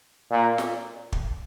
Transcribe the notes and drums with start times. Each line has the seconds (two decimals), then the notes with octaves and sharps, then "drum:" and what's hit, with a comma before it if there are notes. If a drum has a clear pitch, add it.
0.31 A#2
0.58 drum: snare
1.12 drum: kick